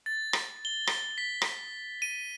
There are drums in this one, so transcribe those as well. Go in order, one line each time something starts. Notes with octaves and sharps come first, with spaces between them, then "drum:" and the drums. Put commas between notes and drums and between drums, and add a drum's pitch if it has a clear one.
A6
drum: rim click
G7
drum: rim click
B6
drum: rim click
D#7